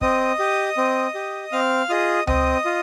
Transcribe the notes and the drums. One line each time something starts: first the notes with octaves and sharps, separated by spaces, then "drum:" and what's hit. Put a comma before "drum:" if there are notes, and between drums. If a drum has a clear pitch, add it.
C4 D#5 D#6, drum: kick
G4
C4
G4
C4 F5 F6
F4 G#4 D#5 D#6
C4 D#5 D#6, drum: tom C#2
F4